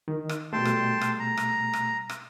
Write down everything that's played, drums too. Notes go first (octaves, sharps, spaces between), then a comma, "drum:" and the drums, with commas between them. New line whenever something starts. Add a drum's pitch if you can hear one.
D#3
drum: rim click
B2 G3 A3 G5 A5 C6
drum: rim click
drum: rim click
A#5
drum: rim click
drum: rim click
drum: rim click